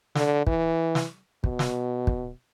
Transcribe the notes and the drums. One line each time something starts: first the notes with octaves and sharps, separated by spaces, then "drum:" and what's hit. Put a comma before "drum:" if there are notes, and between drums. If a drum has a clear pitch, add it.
D3, drum: snare
E3, drum: kick
drum: snare
B2, drum: kick
drum: snare
drum: kick